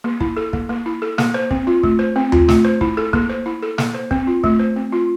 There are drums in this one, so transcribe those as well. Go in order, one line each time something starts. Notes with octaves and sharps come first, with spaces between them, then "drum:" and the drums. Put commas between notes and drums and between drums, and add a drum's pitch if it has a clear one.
A#3
E4, drum: kick
A4
A#3, drum: kick
A#3
E4
A4
A#3, drum: snare
C5
C4, drum: kick
F4
A3, drum: kick
C5
C4
F4, drum: tom D#2
A3, drum: snare
C5
E4, drum: kick
A4
A#3, drum: kick
C5
E4
A4
A#3, drum: snare
C5
C4, drum: kick
F4
A3, drum: kick
C5
C4
F4